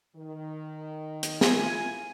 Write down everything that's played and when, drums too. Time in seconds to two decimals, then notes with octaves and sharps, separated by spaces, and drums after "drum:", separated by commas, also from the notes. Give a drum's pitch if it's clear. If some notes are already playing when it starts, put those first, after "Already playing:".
0.16 D#3
1.23 drum: hi-hat
1.41 E4 F4 G#5, drum: snare